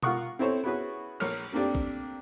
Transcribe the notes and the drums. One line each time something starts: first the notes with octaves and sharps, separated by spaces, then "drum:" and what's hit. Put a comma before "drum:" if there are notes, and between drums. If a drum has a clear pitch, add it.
F4 A#4 F5 F#5 C#6 D#6, drum: tom B2
C4 E4 A4 C5 C#5
B3 C#4 E4 F#4 G#4 B4
A#1 A#4 C#5 F6, drum: cymbal
A3 A#3 C4 D4 G4
drum: kick A#1